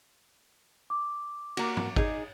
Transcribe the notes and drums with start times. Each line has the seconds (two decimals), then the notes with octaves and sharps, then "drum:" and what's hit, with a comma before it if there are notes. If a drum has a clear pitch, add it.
0.90 D6
1.57 A#3 F#4, drum: cymbal
1.77 drum: tom
1.96 D#4 G#4, drum: kick